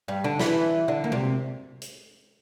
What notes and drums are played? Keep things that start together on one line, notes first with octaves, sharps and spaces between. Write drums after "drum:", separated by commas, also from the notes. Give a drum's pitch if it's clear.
G2 G3
D3 D4
E3 E4, drum: snare
D3 D4
A#3
C3 C4, drum: tom G#3
drum: hi-hat